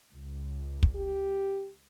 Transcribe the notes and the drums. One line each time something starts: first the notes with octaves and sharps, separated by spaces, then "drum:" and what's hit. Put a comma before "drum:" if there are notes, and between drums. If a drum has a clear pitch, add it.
C#2
drum: kick
G4